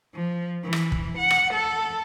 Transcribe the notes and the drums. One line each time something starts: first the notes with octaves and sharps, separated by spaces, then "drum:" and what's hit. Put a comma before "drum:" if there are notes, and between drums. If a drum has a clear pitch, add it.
F3
E3
drum: rim click
drum: kick
F#5
drum: rim click
A4